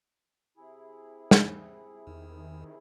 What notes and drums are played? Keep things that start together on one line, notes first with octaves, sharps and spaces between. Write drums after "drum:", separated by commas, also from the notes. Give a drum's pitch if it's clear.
C3 E4 G#4
drum: snare
E2 D#3